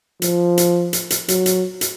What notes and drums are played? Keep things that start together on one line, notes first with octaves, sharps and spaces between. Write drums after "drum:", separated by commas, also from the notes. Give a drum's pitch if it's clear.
F3, drum: hi-hat
drum: hi-hat
drum: hi-hat
drum: hi-hat
F#3, drum: hi-hat
drum: hi-hat
drum: hi-hat